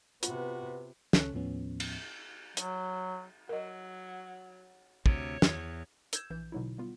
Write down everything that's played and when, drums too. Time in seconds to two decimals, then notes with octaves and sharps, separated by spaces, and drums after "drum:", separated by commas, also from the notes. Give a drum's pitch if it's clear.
0.23 C3 B3 F4 F#4 B4, drum: hi-hat
1.13 C#2 C#3 C#4 A4 C#5 F#6, drum: snare
1.33 D#2 A2 F3 B3 C#4
1.80 drum: cymbal
2.57 F#3, drum: hi-hat
3.49 F#3 A#4 D#5
5.06 D2 C3 C#5, drum: kick
5.42 E2, drum: snare
6.13 E6 G6 G#6 E7, drum: hi-hat
6.30 A#1 E3 G6
6.52 B2 D3 F#3 D#4 E4
6.78 G3 B3 F4